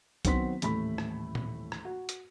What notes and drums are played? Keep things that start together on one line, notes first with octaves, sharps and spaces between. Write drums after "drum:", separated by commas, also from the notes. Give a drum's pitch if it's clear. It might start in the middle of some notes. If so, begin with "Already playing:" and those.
D#3 F#3 B3 C4 C6 B6, drum: kick C2, hi-hat
D#1 A2 E3 A3 B5 B6, drum: hi-hat
drum: rim click
drum: tom A#2
drum: rim click
F#4
drum: hi-hat